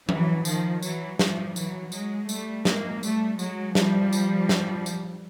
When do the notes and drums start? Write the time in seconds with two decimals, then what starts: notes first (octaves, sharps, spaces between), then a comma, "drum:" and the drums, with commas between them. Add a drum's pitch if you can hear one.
0.09 E3 F#3, drum: tom F3
0.45 D#3 F3, drum: tambourine
0.82 E3 F#3, drum: tambourine
1.19 F3 G3, drum: snare
1.56 E3 F#3, drum: tambourine
1.92 F#3 G#3, drum: tambourine
2.29 G3 A3, drum: tambourine
2.65 G#3 A#3, drum: snare
3.03 G3 A3, drum: tambourine
3.39 F#3 G#3, drum: tambourine
3.75 F3 G3, drum: snare
4.13 drum: tambourine
4.49 drum: snare
4.86 drum: tambourine